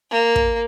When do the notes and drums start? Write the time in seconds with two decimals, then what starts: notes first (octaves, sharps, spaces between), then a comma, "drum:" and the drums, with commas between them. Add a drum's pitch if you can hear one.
0.11 A#3
0.36 drum: kick